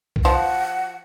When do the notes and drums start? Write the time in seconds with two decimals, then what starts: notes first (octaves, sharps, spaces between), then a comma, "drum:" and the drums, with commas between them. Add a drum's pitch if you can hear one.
0.16 drum: kick C2
0.25 F3 F#5